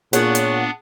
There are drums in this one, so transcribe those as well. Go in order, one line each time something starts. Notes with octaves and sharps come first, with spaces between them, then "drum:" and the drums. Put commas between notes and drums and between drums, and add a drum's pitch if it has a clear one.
A#2 B3 D4 G#4 C#5 F#5, drum: hi-hat
drum: hi-hat